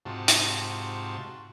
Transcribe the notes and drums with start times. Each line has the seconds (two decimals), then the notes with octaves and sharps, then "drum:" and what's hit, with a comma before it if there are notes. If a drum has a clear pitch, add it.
0.06 G#2 C3 F4 F#4 A5
0.28 drum: hi-hat